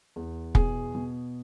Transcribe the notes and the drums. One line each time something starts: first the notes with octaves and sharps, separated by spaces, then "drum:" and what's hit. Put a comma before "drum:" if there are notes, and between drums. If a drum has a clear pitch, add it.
E2
B2 G#4, drum: kick
B2